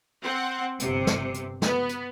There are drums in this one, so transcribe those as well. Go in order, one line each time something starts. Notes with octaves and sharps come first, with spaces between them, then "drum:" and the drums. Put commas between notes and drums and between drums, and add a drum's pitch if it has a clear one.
C4 F#5
G1 C3, drum: hi-hat
drum: snare
drum: hi-hat
B3, drum: snare
drum: hi-hat